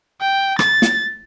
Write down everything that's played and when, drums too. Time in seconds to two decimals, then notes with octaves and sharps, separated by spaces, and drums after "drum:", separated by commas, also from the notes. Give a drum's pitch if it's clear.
0.21 G5
0.59 A6, drum: rim click
0.82 drum: snare